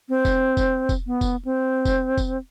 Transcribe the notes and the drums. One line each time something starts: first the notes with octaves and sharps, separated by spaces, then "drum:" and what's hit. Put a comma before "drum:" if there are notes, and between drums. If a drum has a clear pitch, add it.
C4
drum: kick E1, tambourine
drum: kick E1, tambourine
drum: kick E1, tambourine
B3
drum: kick E1, tambourine
C4
drum: kick E1, tambourine
drum: kick E1, tambourine